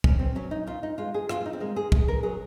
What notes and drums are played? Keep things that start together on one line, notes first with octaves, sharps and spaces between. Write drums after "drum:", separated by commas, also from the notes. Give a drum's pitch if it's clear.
C#3 C#4, drum: kick
C4
F#3 C#4
D#4
A#2 F4
D#4
G#3 F4
G#4
A#2 F4, drum: rim click
F4
D#4
C4
G#3 A#3
G#4
C3 G#4, drum: kick
A#4
F#3 G#4